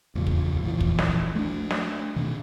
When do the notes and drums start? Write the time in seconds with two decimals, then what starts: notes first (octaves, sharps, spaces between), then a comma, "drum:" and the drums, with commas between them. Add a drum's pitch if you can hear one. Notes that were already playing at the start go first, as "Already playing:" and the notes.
0.15 E2 A2 C#3 F3
0.27 drum: kick
0.63 F1 A#1 E3 F3
0.81 drum: kick
0.99 drum: snare
1.35 A3 D4
1.71 drum: snare
2.16 B2 D#3